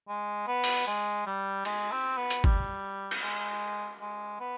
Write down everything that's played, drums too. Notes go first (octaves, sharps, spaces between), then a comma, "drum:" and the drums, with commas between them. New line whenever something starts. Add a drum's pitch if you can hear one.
G#3
B3
drum: open hi-hat
G#3
G3
G#3, drum: cymbal
C4
B3
drum: hi-hat
G3, drum: kick
drum: cymbal
G#3
G#3
B3